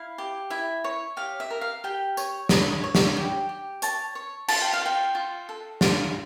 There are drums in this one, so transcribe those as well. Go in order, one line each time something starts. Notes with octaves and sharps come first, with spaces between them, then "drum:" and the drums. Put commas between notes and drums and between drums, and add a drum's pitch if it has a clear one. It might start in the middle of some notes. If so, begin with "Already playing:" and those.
Already playing: E4 F5
G4
E4 E5
C#5
G4 F5
E5
A#4
F5
G4 G5
C#5, drum: tambourine
C#5, drum: snare
C#5
drum: snare
G4 G5
G4
C#5 A5, drum: hi-hat
C#5
F4 A5, drum: cymbal
G5
F5
F4 G5
F4
A4
F4, drum: snare